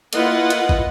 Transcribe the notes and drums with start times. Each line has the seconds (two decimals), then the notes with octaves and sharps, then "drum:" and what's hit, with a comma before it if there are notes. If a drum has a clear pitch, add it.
0.13 A#3 E4 F4 B4 D#5 F#5, drum: hi-hat
0.50 drum: hi-hat
0.69 drum: kick